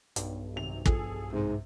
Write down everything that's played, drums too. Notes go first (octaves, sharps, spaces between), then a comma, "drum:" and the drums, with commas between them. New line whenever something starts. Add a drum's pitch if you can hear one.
B1 G2, drum: hi-hat
G#1 C3 F7
F3 G#4 A4, drum: kick
G#2 C3